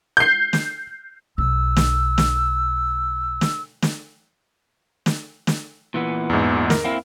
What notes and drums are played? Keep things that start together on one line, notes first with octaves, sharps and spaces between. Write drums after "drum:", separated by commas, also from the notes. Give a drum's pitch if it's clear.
G6 C7
drum: snare
B1 E6
drum: snare
drum: snare
drum: snare
drum: snare
drum: snare
drum: snare
A#2 E3 B3
E2 G#2
A#4, drum: snare
A#3 C4 E4